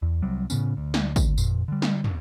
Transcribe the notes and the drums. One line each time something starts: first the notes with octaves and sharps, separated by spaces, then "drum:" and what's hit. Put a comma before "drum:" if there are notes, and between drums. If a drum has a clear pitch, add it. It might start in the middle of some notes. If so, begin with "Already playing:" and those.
E2
C2 C3 F#3 G3
A2 C#3 B3 C#4, drum: tambourine
D2
drum: snare
drum: kick, tambourine
F2 A#2, drum: tambourine
D3 G3
drum: snare
drum: tom